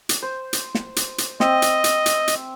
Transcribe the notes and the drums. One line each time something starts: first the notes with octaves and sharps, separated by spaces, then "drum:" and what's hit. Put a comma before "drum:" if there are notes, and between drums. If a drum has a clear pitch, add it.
drum: hi-hat
C5
drum: hi-hat
drum: snare
drum: hi-hat
drum: hi-hat
C4 D#5 E5, drum: snare
drum: hi-hat
drum: hi-hat
drum: hi-hat
drum: hi-hat